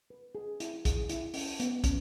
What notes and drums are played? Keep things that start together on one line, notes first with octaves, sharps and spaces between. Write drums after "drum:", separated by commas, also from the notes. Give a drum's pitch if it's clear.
B4
G#4
E4, drum: hi-hat
G#4, drum: kick, hi-hat
E4, drum: hi-hat
C#4, drum: open hi-hat
B3, drum: hi-hat
C#4, drum: kick, hi-hat